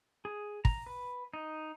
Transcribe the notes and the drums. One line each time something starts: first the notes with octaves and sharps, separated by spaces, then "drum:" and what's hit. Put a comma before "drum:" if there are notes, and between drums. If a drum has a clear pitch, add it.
G#4
A#5, drum: kick
B4
D#4